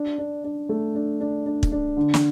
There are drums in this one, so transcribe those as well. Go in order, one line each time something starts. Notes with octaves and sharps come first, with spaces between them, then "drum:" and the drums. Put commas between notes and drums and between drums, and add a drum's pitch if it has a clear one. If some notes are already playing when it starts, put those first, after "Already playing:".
Already playing: D4
D4
D4
A3
D4
D4
D4
drum: kick
D4
D3
drum: snare